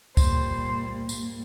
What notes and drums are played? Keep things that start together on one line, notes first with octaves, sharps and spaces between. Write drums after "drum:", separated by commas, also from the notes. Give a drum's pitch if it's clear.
A#2 G3 A#3 C5, drum: kick, tambourine
G#2 G3 A#3, drum: tambourine